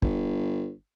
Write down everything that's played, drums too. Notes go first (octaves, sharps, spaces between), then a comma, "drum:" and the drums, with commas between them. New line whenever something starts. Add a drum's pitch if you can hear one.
G1, drum: kick